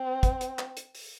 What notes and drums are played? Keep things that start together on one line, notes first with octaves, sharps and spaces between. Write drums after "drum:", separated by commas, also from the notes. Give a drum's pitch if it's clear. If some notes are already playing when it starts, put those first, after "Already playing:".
Already playing: C4
drum: kick, hi-hat
drum: hi-hat
drum: clap
drum: hi-hat
drum: open hi-hat